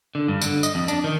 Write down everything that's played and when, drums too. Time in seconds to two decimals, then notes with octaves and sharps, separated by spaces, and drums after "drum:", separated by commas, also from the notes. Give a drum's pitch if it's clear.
0.15 D3
0.28 G2
0.41 D3, drum: tambourine
0.63 D#5, drum: tambourine
0.75 F2
0.88 D4, drum: tambourine
1.04 D#3